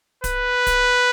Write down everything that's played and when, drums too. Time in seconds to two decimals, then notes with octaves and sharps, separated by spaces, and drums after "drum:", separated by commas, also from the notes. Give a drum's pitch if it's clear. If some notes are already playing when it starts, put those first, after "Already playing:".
0.24 B4, drum: kick D1, hi-hat
0.67 drum: kick D1, hi-hat